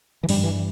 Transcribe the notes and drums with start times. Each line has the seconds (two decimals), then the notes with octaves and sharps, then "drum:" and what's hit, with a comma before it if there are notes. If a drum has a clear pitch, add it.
0.23 E3
0.29 G2 G3, drum: open hi-hat
0.44 E3